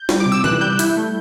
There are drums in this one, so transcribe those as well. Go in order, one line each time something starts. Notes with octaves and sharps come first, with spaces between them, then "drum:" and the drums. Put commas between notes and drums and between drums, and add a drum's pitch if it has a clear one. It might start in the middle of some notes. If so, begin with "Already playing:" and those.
Already playing: G6
G3, drum: snare
D6
C3
E6
E3 F#6, drum: tom A#2
G3 G6
E4, drum: hi-hat
A3